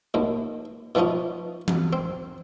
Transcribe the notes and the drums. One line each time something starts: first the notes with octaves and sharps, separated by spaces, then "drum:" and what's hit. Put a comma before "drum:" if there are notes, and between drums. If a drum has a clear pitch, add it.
D#2 B2
B2 E3 F3 C#4 D#4
drum: tom E3
C4